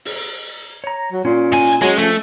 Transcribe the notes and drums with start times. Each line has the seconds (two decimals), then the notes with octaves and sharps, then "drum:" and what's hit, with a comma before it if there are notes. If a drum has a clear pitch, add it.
0.05 drum: open hi-hat
0.84 C#5 A#5
1.12 F#3
1.25 A#2 C#4
1.52 G#2 G#5, drum: cymbal
1.68 drum: cymbal
1.82 F#3 G#3 C#4 G#5
1.98 F3 A3